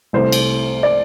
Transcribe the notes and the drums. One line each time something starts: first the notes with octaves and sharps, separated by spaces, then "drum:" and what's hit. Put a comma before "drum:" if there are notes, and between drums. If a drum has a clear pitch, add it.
C2 C3 A3 C5
drum: cymbal
D5